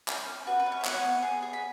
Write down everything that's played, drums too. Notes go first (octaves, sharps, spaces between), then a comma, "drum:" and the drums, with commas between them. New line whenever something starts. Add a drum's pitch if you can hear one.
C#4, drum: clap
C#4
F#4 B4
B4
C#4
C#5
E5
B3 C#5 F#5, drum: clap
B3
G#4
G#4
B5